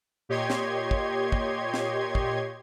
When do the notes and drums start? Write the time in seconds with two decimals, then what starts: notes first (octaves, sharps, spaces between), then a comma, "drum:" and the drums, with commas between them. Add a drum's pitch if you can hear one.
0.29 A#2 G4 C#5 D#5 C6 G#6
0.50 drum: snare
0.91 drum: kick
1.32 drum: kick
1.74 drum: snare
2.15 drum: kick